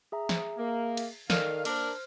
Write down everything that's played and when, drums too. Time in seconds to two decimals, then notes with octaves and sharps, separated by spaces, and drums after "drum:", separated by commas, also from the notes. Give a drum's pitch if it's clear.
0.12 G#4 E5 A#5
0.29 drum: snare
0.58 A#3
0.97 drum: cymbal
1.30 D#3 A4 A#4 D5 F5, drum: snare
1.65 A#3 D4 A#4 C5 F6, drum: cymbal